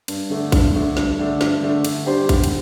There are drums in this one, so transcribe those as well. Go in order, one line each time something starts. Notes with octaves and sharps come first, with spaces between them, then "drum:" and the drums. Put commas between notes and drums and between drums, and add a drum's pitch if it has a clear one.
G2, drum: cymbal
D3 A3 D4
G2, drum: kick A#1, cymbal
D3 A3 D4
G2, drum: snare
D3 A3 D4
G2, drum: snare
D3 A3 D4
D3, drum: cymbal
G3 D4 G4 C5
D3, drum: kick A#1, cymbal
drum: cymbal